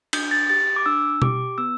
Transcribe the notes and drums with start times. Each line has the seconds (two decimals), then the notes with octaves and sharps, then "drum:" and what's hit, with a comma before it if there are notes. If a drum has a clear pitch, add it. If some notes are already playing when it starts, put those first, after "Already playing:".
0.13 D4 G6, drum: cymbal
0.31 A6
0.49 G4 A6
0.76 D6
0.86 D4 E6
1.22 G4 D6, drum: tom B2
1.58 B3 E6